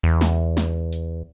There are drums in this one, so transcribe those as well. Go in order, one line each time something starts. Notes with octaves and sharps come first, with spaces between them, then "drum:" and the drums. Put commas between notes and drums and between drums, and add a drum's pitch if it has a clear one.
E2
drum: snare
drum: snare
drum: hi-hat